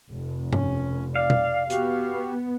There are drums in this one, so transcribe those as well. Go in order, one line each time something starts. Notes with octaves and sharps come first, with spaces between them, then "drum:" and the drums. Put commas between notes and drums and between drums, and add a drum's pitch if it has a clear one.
F1
C#4, drum: tom G2
D5 F5
drum: tom B2
B3 F#4 G4, drum: hi-hat